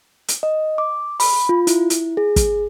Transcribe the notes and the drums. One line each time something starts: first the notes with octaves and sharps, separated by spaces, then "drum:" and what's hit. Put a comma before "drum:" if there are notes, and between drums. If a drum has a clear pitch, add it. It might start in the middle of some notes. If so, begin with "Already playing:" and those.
drum: hi-hat
D#5
D6
B5, drum: open hi-hat
F4
E4, drum: hi-hat
drum: hi-hat
G#4
drum: kick, hi-hat